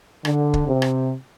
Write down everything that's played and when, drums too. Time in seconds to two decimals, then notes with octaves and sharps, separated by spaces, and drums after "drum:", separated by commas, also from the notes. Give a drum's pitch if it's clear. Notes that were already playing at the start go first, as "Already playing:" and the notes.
0.25 D3, drum: rim click
0.54 drum: kick
0.68 C3
0.82 drum: rim click